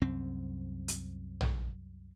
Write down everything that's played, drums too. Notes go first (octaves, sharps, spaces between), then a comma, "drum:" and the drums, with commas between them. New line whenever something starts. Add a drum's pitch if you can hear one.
C2 F#2 C4
drum: hi-hat
drum: tom A#1